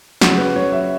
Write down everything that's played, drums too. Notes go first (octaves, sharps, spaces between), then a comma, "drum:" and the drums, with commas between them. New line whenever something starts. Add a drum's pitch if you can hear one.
C#3 F#3 C#4 F#4, drum: snare
B4
C#5
E5